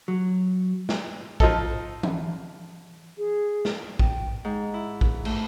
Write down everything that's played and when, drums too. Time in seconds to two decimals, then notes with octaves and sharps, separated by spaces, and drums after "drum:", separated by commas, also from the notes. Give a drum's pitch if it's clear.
0.08 F#3
0.89 drum: snare
1.40 F3 D#4 A4, drum: kick A#1
2.03 drum: tom E3
3.18 G#4
3.65 drum: snare
3.99 G5, drum: kick A#1
4.45 G#2
4.74 E4
5.01 drum: kick A#1
5.25 A3, drum: cymbal